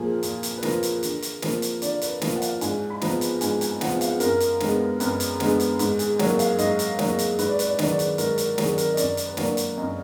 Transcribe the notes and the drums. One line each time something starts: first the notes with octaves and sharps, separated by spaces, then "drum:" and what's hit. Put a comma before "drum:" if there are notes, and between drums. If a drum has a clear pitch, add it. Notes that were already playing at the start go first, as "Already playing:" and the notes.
Already playing: A#2 F3 A#3 G#4
A#2, drum: hi-hat
drum: hi-hat
B4
F3 A#3 A#4, drum: snare
drum: hi-hat
D3, drum: hi-hat
drum: hi-hat
F3 A#3, drum: snare
drum: hi-hat
D3 D5, drum: hi-hat
B4, drum: hi-hat
F3 A#3, drum: snare
F#5
F5, drum: hi-hat
G#2 G#5, drum: hi-hat
B5
F3 B3 A#5, drum: snare
drum: hi-hat
G#2 G#5, drum: hi-hat
G#5, drum: hi-hat
F3 B3 F#5, drum: snare
F5, drum: hi-hat
F#2 A#4, drum: hi-hat
drum: hi-hat
D3 G#3 B3, drum: snare
F#2 B4, drum: hi-hat
drum: hi-hat
D3 G#3 B3, drum: snare
drum: hi-hat
G#2, drum: hi-hat
G#4, drum: hi-hat
F#3 A#3, drum: snare
F5, drum: hi-hat
G#2 D#5, drum: hi-hat
drum: hi-hat
F#3 A#3, drum: snare
drum: hi-hat
G#2 B4, drum: hi-hat
D5
B4, drum: hi-hat
D5
D#3 F#3 B4, drum: snare
D5
B4, drum: hi-hat
G#2 A#4, drum: hi-hat
A#4, drum: hi-hat
D#3 F#3 G#4, drum: snare
A#4, drum: hi-hat
D#5
F#2 D5, drum: hi-hat
drum: hi-hat
B4
D3 F#3 A#3 D5, drum: snare
drum: hi-hat
F#2 D#5